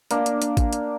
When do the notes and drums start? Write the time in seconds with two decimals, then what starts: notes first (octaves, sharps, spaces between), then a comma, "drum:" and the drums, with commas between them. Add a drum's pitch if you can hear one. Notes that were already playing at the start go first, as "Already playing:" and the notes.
0.11 A#3 D4, drum: hi-hat
0.26 drum: hi-hat
0.42 drum: hi-hat
0.57 drum: kick A1, hi-hat
0.73 drum: hi-hat